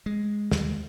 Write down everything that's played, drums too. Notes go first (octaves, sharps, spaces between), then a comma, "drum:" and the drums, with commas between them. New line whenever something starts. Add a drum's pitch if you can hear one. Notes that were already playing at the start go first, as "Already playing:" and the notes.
G#3
D#2 D3 G3 G#3, drum: snare